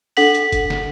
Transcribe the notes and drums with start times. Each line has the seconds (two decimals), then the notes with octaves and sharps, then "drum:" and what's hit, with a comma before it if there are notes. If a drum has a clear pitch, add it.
0.17 D4 A4 F#5 B6 F#7, drum: open hi-hat
0.35 drum: hi-hat
0.52 drum: kick, hi-hat
0.70 drum: snare